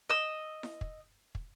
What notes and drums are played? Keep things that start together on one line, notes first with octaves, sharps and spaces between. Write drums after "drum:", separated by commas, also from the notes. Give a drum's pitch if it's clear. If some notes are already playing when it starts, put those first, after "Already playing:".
D#5 E6
drum: snare E4
drum: kick
drum: kick